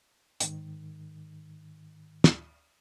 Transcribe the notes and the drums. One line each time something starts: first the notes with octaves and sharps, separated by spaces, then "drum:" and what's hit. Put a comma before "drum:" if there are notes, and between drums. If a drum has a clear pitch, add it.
G#2 D#3, drum: hi-hat
drum: snare